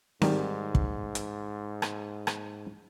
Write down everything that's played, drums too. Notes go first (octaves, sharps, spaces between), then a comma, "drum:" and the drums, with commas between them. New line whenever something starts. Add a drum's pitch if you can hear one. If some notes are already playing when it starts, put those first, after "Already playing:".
G#2 D#3 G3, drum: snare C4
drum: kick
drum: hi-hat
drum: rim click
drum: rim click